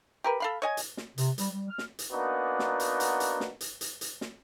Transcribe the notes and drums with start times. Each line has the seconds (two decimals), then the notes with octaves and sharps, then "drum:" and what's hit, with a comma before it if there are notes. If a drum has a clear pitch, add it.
0.24 G4 A#4 B4
0.40 A4 F5 B5
0.62 C#5 D#5 G#5
0.77 drum: hi-hat
0.97 drum: snare
1.18 C3, drum: hi-hat
1.38 G3, drum: hi-hat
1.52 G3
1.69 F6
1.78 drum: snare
1.99 drum: hi-hat
2.11 A#3 B3 D4 D#4 F#4
2.59 drum: snare
2.80 drum: hi-hat
3.00 drum: hi-hat
3.20 drum: hi-hat
3.40 drum: snare
3.61 drum: hi-hat
3.81 drum: hi-hat
4.01 drum: hi-hat
4.21 drum: snare